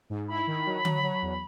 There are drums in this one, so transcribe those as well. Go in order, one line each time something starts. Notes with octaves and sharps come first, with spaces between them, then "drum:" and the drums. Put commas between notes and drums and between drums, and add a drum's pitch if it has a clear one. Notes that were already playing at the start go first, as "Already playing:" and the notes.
G#2
E4 B5
D#3
F#3
F#3, drum: tom D3
F#3
E2